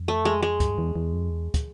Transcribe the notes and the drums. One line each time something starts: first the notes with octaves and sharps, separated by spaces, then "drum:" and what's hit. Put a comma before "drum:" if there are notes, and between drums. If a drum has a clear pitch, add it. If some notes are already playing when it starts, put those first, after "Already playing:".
Already playing: F2
A3
G#3
G#3
G2, drum: kick, hi-hat
E2
E2
F2
E2
drum: kick, hi-hat